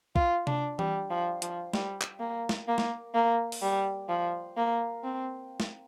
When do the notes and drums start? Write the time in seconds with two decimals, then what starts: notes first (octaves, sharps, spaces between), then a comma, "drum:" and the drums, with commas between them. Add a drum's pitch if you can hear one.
0.16 F4, drum: kick
0.47 D4, drum: tom C3
0.79 G3, drum: tom E3
1.10 F3
1.42 F3, drum: hi-hat
1.74 G3, drum: snare
2.01 drum: clap
2.20 A#3
2.49 drum: snare
2.68 A#3
2.78 drum: snare
3.14 A#3
3.52 drum: open hi-hat
3.62 G3
4.09 F3
4.57 A#3
5.04 C4
5.60 drum: snare